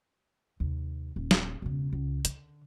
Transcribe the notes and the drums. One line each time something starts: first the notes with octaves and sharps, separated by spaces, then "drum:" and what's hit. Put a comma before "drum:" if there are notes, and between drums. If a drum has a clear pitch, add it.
D#2 C3
D#1
drum: snare
E1 C#3
C#2
D3, drum: hi-hat